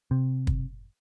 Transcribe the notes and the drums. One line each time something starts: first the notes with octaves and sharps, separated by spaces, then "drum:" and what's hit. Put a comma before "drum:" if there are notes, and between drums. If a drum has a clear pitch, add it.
C3
drum: kick